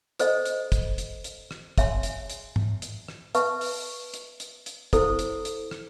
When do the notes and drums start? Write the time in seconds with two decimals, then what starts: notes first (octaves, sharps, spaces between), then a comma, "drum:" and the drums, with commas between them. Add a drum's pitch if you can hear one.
0.19 A4 C5 D#5, drum: hi-hat
0.46 drum: hi-hat
0.72 drum: kick, hi-hat
0.98 drum: hi-hat
1.24 drum: hi-hat
1.51 drum: rim click
1.78 G#4 C#5 E5 G#5 C6, drum: kick, hi-hat
2.03 drum: hi-hat
2.30 drum: hi-hat
2.56 drum: tom G#2
2.82 drum: hi-hat
3.08 drum: rim click
3.35 B4 E5 A5 C#6, drum: hi-hat
3.61 drum: open hi-hat
4.14 drum: hi-hat
4.40 drum: hi-hat
4.66 drum: hi-hat
4.93 E4 A4 C5, drum: kick, hi-hat
5.19 drum: hi-hat
5.45 drum: hi-hat
5.71 drum: rim click